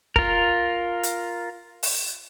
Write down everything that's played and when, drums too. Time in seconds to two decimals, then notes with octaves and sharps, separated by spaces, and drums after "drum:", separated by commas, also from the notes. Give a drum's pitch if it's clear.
0.16 F4 A#4, drum: kick
1.03 drum: hi-hat
1.83 drum: open hi-hat